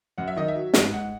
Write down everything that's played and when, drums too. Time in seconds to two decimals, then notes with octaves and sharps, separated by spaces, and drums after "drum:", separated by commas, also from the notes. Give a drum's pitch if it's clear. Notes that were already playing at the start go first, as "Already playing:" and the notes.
0.18 F#2 F#5
0.28 E5
0.36 D#3 D#5
0.48 E5
0.55 F#3
0.74 G#2, drum: snare
0.93 G#2 F#5